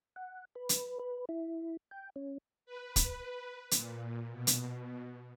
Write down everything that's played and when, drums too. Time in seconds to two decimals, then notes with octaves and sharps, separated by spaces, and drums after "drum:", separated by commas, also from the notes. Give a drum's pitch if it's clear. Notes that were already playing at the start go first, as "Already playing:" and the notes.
0.16 F#5
0.56 B4
0.69 drum: hi-hat
0.99 B4
1.29 E4
1.91 G5
2.16 C#4
2.66 B4
2.96 drum: kick, hi-hat
3.71 A#2, drum: hi-hat
4.31 B2
4.47 drum: hi-hat